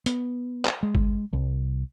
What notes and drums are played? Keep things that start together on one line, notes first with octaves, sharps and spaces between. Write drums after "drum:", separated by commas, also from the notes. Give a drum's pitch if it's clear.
B3, drum: hi-hat
drum: clap
G#3
drum: kick G1
C2